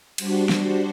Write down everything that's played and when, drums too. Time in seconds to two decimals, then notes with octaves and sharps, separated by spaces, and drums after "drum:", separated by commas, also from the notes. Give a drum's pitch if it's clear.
0.18 G3 D4 F#4 C5, drum: cymbal
0.49 drum: snare